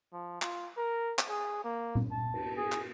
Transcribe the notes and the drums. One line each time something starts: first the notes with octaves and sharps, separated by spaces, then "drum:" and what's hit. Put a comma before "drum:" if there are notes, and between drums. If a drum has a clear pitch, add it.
F3
F4, drum: clap
A#4
drum: clap
G#4
A#3
drum: tom A#2
A5
drum: cymbal
G#4
drum: clap